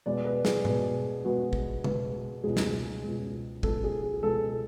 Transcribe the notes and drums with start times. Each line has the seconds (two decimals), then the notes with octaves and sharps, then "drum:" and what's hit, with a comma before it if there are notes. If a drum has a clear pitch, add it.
0.06 B2 G#3 B3 D5
0.25 B4
0.45 G#4, drum: snare
0.65 B2 G#3 B3, drum: tom G#2
1.24 B2 G#3 B3 F#4
1.53 drum: kick
1.84 B2 G#3 B3, drum: tom
2.43 C#2 B2 G#3 G#4
2.57 drum: snare
3.03 C#2 B2 G#3
3.63 C#2 B2 G#3 A4, drum: kick
3.84 G#4
4.03 G#4
4.23 C#2 B2 G#3 A4